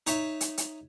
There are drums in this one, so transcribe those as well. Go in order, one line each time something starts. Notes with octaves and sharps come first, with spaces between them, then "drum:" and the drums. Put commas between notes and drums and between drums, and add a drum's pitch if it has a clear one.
D#4 C#5 E5, drum: hi-hat
drum: hi-hat
drum: hi-hat